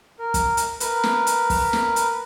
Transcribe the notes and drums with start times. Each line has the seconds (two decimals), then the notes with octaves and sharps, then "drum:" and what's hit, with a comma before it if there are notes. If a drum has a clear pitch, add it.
0.19 A#4
0.34 drum: kick, hi-hat
0.57 drum: hi-hat
0.80 A#4 B4, drum: hi-hat
1.03 drum: snare
1.27 drum: hi-hat
1.50 drum: kick, open hi-hat
1.73 drum: snare
1.96 drum: hi-hat